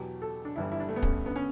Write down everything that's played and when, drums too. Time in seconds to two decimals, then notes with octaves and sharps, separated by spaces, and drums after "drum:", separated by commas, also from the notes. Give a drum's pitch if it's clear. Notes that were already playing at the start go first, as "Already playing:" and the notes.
Already playing: E2 B2 F#3 G4
0.22 A4
0.45 D4
0.56 G1 G2 E3 G3 E4
0.72 E4
0.80 D4
0.89 A3
0.96 B3
1.03 C#4, drum: kick
1.26 D3 B3
1.36 C#4